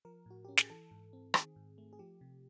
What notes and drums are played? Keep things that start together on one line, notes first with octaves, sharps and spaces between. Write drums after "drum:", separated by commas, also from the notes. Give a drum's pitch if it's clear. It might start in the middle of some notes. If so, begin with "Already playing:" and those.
F3 A#4
A2 F#4
C#4 G4
G#4, drum: snare
E3 A4
G#2
C4
D#3 G#4, drum: rim click
G#2
A3
G#4
F3 G4
C3